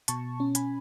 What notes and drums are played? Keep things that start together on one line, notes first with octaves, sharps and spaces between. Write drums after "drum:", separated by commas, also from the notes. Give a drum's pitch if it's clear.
B2 A5 C#6, drum: hi-hat
C#4
G#5 B5, drum: hi-hat